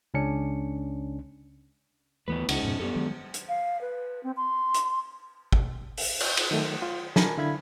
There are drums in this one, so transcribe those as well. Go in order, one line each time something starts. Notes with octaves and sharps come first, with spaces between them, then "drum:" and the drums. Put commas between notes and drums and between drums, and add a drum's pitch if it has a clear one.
C#2 C#3 C#4 D4 C#7
D#2 A2 E3 A3 B3 B4
C#2 C#3 G#3 C#4 D#4, drum: cymbal
F2 G#2 B2
F#2 B3 G4 A4
D#3 F#3 G#3
drum: hi-hat
F5
B4
C4
C6
drum: hi-hat
drum: kick G#1
drum: open hi-hat
drum: cymbal
drum: cymbal
D#3 F#3 A3
F4
A#4 G#5 A5 B5, drum: snare
D3 E4 F5 B5 G#6